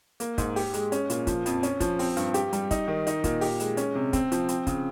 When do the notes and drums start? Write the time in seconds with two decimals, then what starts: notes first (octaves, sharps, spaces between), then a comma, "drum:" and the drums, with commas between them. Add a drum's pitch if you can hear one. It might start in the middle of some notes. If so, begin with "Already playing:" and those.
0.20 A#3, drum: hi-hat
0.38 G#2, drum: kick, hi-hat
0.56 G4, drum: open hi-hat
0.74 G#3, drum: hi-hat
0.92 C#4, drum: hi-hat
1.10 A#2, drum: hi-hat
1.27 F3, drum: kick, hi-hat
1.46 F2, drum: hi-hat
1.63 C#4, drum: hi-hat
1.80 F3, drum: kick, hi-hat
1.99 C4, drum: open hi-hat
2.17 G2, drum: hi-hat
2.34 G4, drum: hi-hat
2.53 G3, drum: hi-hat
2.71 D#4, drum: kick, hi-hat
2.88 D#3
3.07 D#4, drum: hi-hat
3.24 A#2, drum: kick, hi-hat
3.41 G4, drum: open hi-hat
3.60 G#3, drum: hi-hat
3.77 C#4, drum: hi-hat
3.95 C3
4.13 C4, drum: kick, hi-hat
4.32 F3, drum: hi-hat
4.49 C4, drum: hi-hat
4.67 C#3, drum: kick, hi-hat